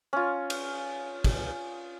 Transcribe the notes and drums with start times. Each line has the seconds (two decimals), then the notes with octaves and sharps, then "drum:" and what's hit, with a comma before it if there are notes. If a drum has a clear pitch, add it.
0.13 C#4 F4
0.50 drum: cymbal
1.24 drum: kick, cymbal